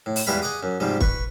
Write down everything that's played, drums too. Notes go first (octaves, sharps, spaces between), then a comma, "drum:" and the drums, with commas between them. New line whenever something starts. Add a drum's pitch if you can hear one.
A2
drum: open hi-hat
E2 E3 G3 G#3 F5 B5
G#4 D#5 F#5 D6 D#6
F#2
G#2 C3 F3 G3
B4 C#6, drum: kick